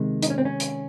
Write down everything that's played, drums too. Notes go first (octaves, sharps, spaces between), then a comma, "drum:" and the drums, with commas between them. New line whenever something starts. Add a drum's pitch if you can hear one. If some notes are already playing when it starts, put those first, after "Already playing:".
Already playing: C3 D#3 G#3
D#4, drum: hi-hat
C#4
C4
C#4
drum: hi-hat